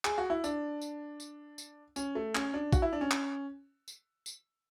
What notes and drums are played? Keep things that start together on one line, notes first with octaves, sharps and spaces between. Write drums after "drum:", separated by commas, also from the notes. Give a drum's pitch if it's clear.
G#4, drum: clap
F#4
E4
D4, drum: tambourine
drum: tambourine
drum: tambourine
drum: tambourine
C#4, drum: tambourine
A3
C#4, drum: clap
D4
F#4, drum: kick A#1, tambourine
E4
D4
C#4
drum: clap
drum: tambourine
drum: tambourine